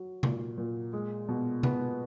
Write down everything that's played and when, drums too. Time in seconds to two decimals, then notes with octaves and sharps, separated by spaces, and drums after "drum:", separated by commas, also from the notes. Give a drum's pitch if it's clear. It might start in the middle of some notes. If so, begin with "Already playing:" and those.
Already playing: F#3
0.23 A#2, drum: tom C3
0.58 A#2
0.93 G#3
1.28 B2
1.63 B3, drum: tom C3